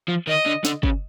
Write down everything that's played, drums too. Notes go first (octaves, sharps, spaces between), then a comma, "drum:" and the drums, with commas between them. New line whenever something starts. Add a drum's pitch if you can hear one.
F3
D#3 D#5
D3
D3, drum: snare
C#3, drum: kick